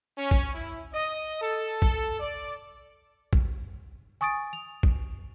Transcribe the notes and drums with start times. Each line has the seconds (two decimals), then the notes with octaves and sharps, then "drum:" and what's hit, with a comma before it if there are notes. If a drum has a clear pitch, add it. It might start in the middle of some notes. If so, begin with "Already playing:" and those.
0.18 C#4
0.31 drum: kick
0.54 E4
0.93 D#5
1.42 A4
1.82 drum: kick
2.20 D5
3.33 drum: kick
4.21 G#5 C#6 D#6 A6 D7
4.53 F7
4.83 drum: kick